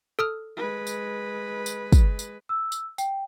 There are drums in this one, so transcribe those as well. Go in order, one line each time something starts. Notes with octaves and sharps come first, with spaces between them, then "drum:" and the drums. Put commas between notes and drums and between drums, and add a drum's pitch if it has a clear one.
A4 D#6 F6
G#3 B4
drum: tambourine
drum: tambourine
drum: kick, tambourine
drum: tambourine
E6
drum: tambourine
G5, drum: tambourine